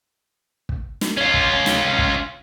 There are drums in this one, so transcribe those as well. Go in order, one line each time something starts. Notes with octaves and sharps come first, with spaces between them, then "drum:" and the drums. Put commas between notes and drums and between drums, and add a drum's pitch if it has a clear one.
drum: kick
drum: snare
C#4 F4
drum: kick
drum: snare
drum: kick